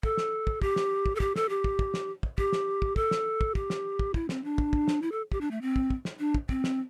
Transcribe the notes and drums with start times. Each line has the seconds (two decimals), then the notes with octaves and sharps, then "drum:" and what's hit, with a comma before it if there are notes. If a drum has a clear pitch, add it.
0.03 A4, drum: kick
0.17 drum: snare
0.47 drum: kick
0.62 G4, drum: kick
0.76 drum: snare
1.06 drum: kick
1.15 A4
1.20 G4, drum: kick
1.36 A4, drum: snare
1.49 G4
1.64 drum: kick
1.79 drum: kick
1.94 drum: snare
2.23 drum: kick
2.38 G4, drum: kick
2.53 drum: snare
2.82 drum: kick
2.96 A4, drum: kick
3.11 drum: snare
3.41 drum: kick
3.55 G4, drum: kick
3.70 drum: snare
3.99 drum: kick
4.14 E4, drum: kick
4.29 C4, drum: snare
4.44 D4
4.58 drum: kick
4.73 drum: kick
4.88 drum: snare
5.02 E4
5.12 A4
5.32 G4, drum: kick
5.41 D4
5.51 A3
5.62 C4
5.76 drum: kick
5.90 drum: kick
6.05 drum: snare
6.19 D4
6.34 drum: kick
6.49 C4, drum: kick
6.64 drum: snare